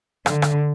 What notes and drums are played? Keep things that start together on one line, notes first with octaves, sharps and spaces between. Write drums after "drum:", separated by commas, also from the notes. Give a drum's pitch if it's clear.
D3, drum: rim click
drum: rim click